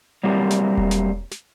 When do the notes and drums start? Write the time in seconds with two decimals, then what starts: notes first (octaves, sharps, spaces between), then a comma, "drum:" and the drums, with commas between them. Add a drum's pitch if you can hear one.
0.24 F#3 G3 A3 A#3 C4 G4
0.50 drum: snare
0.77 drum: kick E1
0.91 drum: snare
1.31 drum: snare